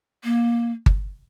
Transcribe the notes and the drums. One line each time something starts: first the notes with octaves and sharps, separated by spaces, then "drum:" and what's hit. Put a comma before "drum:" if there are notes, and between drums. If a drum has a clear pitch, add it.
A#3
drum: kick G1